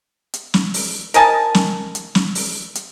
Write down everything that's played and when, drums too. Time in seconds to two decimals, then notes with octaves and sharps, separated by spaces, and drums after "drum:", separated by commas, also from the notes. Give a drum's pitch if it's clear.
0.34 drum: hi-hat
0.54 drum: snare
0.74 drum: open hi-hat
1.14 A#4 D#5 G#5 A5, drum: hi-hat
1.55 drum: snare
1.95 drum: hi-hat
2.15 drum: snare
2.35 drum: open hi-hat
2.75 drum: hi-hat